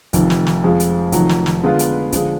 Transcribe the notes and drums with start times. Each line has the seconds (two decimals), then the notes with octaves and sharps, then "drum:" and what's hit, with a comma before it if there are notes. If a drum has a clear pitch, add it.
0.13 F1 F2 D#3, drum: kick, hi-hat
0.30 drum: snare
0.47 drum: snare
0.64 F2 F3 G#3
0.80 drum: hi-hat
1.12 F1 F2 D#3 F#3, drum: kick, hi-hat
1.29 drum: snare
1.46 drum: snare
1.63 D3 G#3 B3 F4 B4
1.79 drum: hi-hat
2.12 D3 F3 G#3, drum: kick, hi-hat